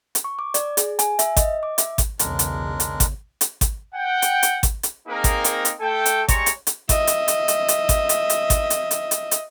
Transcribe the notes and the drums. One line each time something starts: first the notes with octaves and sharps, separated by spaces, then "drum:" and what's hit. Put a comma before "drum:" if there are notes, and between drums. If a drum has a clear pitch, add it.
drum: hi-hat
C#6
D6
D5, drum: hi-hat
G#4, drum: hi-hat
G#5, drum: hi-hat
E5, drum: hi-hat
D#5, drum: kick G#1, hi-hat
D6
E5, drum: hi-hat
drum: kick G#1, hi-hat
B1 E2 C#3 G#3 D4 A#4, drum: hi-hat
drum: hi-hat
drum: hi-hat
drum: kick G#1, hi-hat
drum: hi-hat
drum: kick G#1, hi-hat
F#5 G5
drum: hi-hat
drum: hi-hat
drum: kick G#1, hi-hat
drum: hi-hat
A#3 C4 D#4 G#4 A#4
drum: kick G#1, hi-hat
drum: hi-hat
drum: hi-hat
A3 A4 G5
drum: hi-hat
G3 G#3 C#5 A#5 C6 C#6, drum: kick G#1, hi-hat
drum: hi-hat
drum: hi-hat
D#5 E5, drum: kick G#1, hi-hat
drum: hi-hat
drum: hi-hat
drum: hi-hat
drum: hi-hat
drum: kick G#1, hi-hat
drum: hi-hat
drum: hi-hat
drum: kick G#1, hi-hat
drum: hi-hat
drum: hi-hat
drum: hi-hat
drum: hi-hat